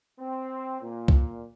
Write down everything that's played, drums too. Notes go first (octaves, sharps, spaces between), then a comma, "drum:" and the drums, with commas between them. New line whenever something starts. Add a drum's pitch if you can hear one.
C4
A#2
drum: kick C2